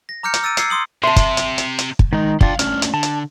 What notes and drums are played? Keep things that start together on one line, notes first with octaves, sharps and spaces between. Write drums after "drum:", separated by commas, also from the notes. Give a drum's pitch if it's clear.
A#6
A#5 D6 F6 G6 C#7
drum: hi-hat
E6 A6 D7 D#7
E6 G#6 C7 C#7, drum: hi-hat
C6 D#6 F#7
C3 E5 A5 C6
drum: kick, hi-hat
drum: hi-hat
drum: hi-hat
drum: hi-hat
drum: kick
D#3 G#3 D#4
D4 F4 F5 G5, drum: kick
A3 C#4 D4 F6, drum: hi-hat
drum: hi-hat
D3 A5
drum: hi-hat